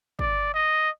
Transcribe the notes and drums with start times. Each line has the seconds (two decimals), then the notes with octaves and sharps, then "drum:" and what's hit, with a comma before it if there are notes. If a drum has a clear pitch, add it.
0.19 D5, drum: kick
0.54 D#5